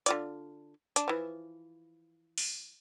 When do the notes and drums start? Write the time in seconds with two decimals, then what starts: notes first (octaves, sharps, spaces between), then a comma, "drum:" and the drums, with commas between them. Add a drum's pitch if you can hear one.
0.06 D3 F4 D5, drum: hi-hat
0.96 D4, drum: hi-hat
1.08 E3 F3
2.38 drum: open hi-hat